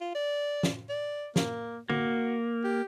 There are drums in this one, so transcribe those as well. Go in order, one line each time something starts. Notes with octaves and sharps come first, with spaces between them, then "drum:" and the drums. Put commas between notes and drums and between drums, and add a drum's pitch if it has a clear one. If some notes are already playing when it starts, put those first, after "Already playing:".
F4
D5
drum: snare
D5
A#3, drum: snare
A#3 F#4, drum: tom D3
G4